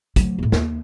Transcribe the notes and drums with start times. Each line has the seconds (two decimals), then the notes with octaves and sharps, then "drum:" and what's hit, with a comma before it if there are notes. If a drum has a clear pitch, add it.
0.16 D2 F#3, drum: kick, hi-hat
0.38 E2 A2
0.52 D#2, drum: snare